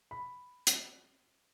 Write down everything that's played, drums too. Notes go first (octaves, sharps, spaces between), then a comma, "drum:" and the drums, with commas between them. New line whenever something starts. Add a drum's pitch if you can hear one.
B5
drum: hi-hat